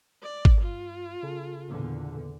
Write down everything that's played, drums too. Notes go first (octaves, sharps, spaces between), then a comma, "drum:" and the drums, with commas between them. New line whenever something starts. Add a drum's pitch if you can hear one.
D5
drum: kick G#1
G2 F4
C#3 G#4 A4
E2 A#2 D3